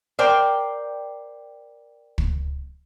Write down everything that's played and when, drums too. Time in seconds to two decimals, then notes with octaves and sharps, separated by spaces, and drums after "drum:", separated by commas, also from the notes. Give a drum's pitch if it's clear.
0.19 A#4 C5 D5 G5
2.18 drum: kick